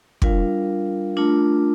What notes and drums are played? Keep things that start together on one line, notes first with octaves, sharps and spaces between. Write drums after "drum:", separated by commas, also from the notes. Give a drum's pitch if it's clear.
G3 D4 F4 A#4 F5, drum: kick
A3 D4 F4 A#4